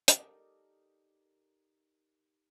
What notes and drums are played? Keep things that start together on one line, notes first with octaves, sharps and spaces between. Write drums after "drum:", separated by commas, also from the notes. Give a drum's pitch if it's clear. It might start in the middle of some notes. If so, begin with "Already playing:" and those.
D#4 G4 A4 A#4 D5 D#5, drum: hi-hat